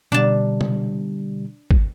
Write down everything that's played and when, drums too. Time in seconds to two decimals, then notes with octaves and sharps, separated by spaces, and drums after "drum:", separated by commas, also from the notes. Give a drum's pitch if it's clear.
0.12 B2 D3 G3 D4 A5
0.61 drum: tom C3
1.71 drum: kick